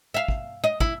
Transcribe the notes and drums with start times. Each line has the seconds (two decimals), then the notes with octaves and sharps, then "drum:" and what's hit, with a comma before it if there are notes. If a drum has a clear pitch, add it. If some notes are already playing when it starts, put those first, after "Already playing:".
0.14 E5 F5
0.28 drum: kick
0.64 D#5
0.80 E4, drum: kick